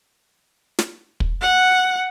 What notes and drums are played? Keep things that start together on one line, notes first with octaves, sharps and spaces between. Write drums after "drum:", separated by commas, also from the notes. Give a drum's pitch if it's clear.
drum: snare
drum: kick
F#5